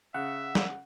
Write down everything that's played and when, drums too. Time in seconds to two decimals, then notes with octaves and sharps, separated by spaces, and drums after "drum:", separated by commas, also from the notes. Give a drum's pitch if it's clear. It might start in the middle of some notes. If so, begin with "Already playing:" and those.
0.14 C#3 E5 F#5
0.55 drum: snare